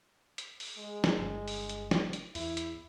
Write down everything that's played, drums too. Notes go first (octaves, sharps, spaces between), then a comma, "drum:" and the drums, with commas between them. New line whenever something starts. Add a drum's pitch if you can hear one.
drum: hi-hat
drum: open hi-hat
G#3
drum: snare
G1
drum: open hi-hat
drum: hi-hat
drum: snare
drum: hi-hat
E2 E4, drum: open hi-hat
drum: hi-hat